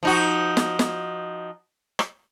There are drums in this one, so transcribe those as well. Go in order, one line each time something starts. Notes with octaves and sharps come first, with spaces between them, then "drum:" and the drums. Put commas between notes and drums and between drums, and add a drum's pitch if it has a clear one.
F3 D#4 F#4
drum: snare
drum: snare
drum: rim click